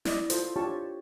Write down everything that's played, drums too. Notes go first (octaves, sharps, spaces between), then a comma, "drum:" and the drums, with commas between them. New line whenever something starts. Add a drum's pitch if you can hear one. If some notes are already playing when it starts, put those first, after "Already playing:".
E4 D5 D#5, drum: snare
F4 A4 C5, drum: hi-hat
D4 F4 G4 C#5 A5 C#6